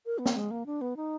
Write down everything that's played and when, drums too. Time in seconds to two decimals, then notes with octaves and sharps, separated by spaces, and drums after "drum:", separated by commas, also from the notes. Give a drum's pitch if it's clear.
0.06 A#4
0.18 B3
0.26 A#3, drum: snare
0.36 G#3
0.51 A#3
0.66 D4
0.81 B3
0.97 D#4